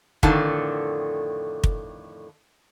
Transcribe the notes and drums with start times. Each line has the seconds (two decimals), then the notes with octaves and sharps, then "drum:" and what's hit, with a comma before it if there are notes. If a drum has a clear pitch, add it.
0.23 F2 A2 D3 D#3 A5, drum: kick
1.64 drum: kick